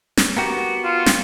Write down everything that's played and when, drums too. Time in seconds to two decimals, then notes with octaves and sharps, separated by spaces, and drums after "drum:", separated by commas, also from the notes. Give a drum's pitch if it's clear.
0.17 drum: snare
0.37 B3 F#4 G4 A#4
0.84 F4
1.06 drum: snare